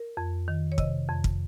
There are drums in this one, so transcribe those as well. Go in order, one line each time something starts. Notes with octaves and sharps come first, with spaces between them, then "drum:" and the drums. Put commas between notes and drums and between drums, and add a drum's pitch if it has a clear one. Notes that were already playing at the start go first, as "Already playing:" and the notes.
Already playing: A#4
F2
D#3
C#5
C3 D#5, drum: kick
F2
drum: kick